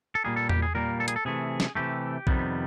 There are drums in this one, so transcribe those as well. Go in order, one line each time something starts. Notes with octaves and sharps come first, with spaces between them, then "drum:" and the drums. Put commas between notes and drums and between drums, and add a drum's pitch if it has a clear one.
A4
A#2 G3 A#3 G#4
A4
G4, drum: tom E2
G#4
A#2 G3 A#3 A#4
A4
G#4, drum: hi-hat
A4
C3 E3 A3 G#4
drum: snare
C3 E3 A3 G4
F2 C3 D#3 G3 B3, drum: kick A#1